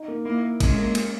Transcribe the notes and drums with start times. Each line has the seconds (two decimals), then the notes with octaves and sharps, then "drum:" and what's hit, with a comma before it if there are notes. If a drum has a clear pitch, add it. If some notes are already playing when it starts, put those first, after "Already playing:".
Already playing: D#4
0.08 A#3
0.25 A#3 E4
0.43 A#3
0.60 G#3 C#4, drum: kick G#1, cymbal
0.78 A#3
0.95 A#3, drum: cymbal